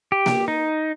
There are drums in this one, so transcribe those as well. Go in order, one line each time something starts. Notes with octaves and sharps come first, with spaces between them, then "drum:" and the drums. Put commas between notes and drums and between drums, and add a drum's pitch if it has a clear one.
G4
drum: snare A#3
D#4